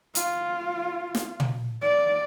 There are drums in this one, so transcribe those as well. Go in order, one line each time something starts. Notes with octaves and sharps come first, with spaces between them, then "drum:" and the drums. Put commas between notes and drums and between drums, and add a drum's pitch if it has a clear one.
F4, drum: hi-hat
drum: snare
drum: tom
D5